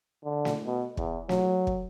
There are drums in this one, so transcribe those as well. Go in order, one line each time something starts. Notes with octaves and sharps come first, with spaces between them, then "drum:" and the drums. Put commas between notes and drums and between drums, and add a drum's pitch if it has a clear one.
D3
drum: snare
B2
E2, drum: kick
F#3, drum: snare
drum: kick